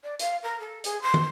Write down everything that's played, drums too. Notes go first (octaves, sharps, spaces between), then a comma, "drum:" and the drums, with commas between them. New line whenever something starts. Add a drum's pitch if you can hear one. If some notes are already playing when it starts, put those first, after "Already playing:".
D5
F5, drum: hi-hat
A#4
A4
G#4, drum: hi-hat
C6
drum: tom